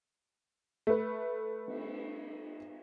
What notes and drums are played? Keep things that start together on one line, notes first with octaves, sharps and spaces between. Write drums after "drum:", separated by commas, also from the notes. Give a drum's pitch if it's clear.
A3 B4
drum: cymbal